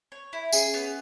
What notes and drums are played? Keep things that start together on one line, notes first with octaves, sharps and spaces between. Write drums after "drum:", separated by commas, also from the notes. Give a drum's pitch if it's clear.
C#5
E4
C#4 G#4, drum: tambourine
B3